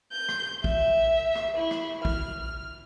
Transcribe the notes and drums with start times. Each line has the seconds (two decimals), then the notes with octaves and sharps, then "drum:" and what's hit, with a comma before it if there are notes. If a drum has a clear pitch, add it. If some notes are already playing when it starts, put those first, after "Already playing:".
0.12 G6
0.29 drum: rim click
0.64 E5, drum: kick
1.35 drum: rim click
1.57 E4
1.71 drum: rim click
2.05 F6, drum: kick